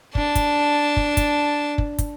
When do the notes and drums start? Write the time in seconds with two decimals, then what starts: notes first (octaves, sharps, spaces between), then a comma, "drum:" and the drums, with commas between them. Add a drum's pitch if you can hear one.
0.15 D4 A5, drum: kick
0.35 drum: kick, hi-hat
0.97 drum: kick
1.17 drum: kick, hi-hat
1.78 drum: kick
1.99 drum: kick, hi-hat